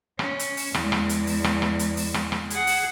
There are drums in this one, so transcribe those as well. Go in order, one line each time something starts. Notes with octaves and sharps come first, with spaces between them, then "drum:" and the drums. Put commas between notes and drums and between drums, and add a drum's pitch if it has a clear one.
C#4, drum: rim click
drum: hi-hat
drum: open hi-hat
E2 G#3, drum: rim click
drum: rim click
drum: hi-hat
drum: open hi-hat
drum: rim click
drum: rim click
drum: hi-hat
drum: open hi-hat
drum: rim click
drum: rim click
G#4 F#5, drum: hi-hat
drum: open hi-hat